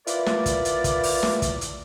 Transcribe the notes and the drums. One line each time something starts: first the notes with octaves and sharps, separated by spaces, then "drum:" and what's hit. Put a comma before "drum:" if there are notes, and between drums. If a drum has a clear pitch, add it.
E4 F4 A#4 B4 D5, drum: hi-hat
drum: snare
drum: kick, hi-hat
drum: hi-hat
drum: kick, hi-hat
drum: open hi-hat
drum: snare
drum: kick, hi-hat
drum: hi-hat